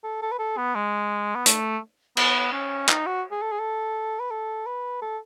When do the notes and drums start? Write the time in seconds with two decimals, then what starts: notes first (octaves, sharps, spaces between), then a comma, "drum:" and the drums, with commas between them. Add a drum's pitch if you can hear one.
0.04 A4
0.22 A4
0.31 B4
0.39 A4
0.57 B3
0.75 G#3
1.35 B3
1.46 A3, drum: hi-hat
2.17 B3, drum: cymbal
2.53 C#4
2.89 D#4, drum: clap
3.06 F#4
3.31 G#4
3.42 A4
3.52 G#4
3.59 A4
4.20 B4
4.31 A4
4.66 B4
5.02 A4